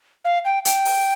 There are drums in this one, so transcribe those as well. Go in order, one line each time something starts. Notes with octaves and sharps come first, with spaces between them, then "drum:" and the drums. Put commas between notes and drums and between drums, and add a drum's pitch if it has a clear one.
F5
G5
G5, drum: hi-hat
drum: open hi-hat